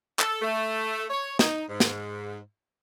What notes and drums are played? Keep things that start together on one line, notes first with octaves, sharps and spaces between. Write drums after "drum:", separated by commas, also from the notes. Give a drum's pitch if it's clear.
A4, drum: clap
A3
C#5
D#4, drum: snare
G#2
drum: snare